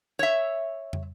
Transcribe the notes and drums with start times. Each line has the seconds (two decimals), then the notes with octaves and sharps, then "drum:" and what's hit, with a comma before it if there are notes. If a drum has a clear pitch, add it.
0.19 C#5 E5
0.93 drum: tom